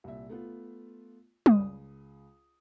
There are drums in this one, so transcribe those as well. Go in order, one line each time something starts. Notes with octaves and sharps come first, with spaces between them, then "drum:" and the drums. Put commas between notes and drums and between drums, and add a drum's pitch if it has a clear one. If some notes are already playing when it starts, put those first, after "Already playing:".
C2 A#2 E5
A3 B3 F4
F#1 D#6, drum: tom G3
C#2